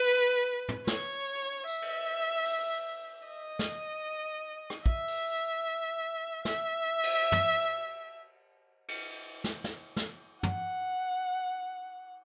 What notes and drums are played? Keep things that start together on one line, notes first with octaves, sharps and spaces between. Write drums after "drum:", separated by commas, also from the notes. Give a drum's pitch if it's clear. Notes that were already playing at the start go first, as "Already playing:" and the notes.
Already playing: B4
drum: tom
C#5, drum: snare
E5, drum: tambourine
drum: cymbal
drum: open hi-hat
D#5
drum: snare
drum: rim click
E5, drum: kick
drum: open hi-hat
E5, drum: snare
drum: cymbal
drum: tom
drum: cymbal
drum: snare
drum: snare
drum: snare
F#5, drum: tom